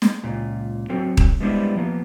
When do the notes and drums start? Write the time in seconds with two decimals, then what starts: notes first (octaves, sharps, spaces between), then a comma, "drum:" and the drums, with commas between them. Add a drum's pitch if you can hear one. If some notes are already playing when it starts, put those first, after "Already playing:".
0.02 drum: snare
0.23 C#2 A#2
0.89 F#3 C4 A4
1.17 drum: kick D#1
1.40 G3 G#3 B3 D4 E4 C5
1.76 F3 A#3 B3